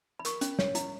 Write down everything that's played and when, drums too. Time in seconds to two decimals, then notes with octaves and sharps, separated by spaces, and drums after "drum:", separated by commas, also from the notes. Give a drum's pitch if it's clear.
0.20 B5
0.25 A#4 C#6, drum: hi-hat
0.41 C#4, drum: hi-hat
0.59 C#5, drum: snare
0.75 E4, drum: hi-hat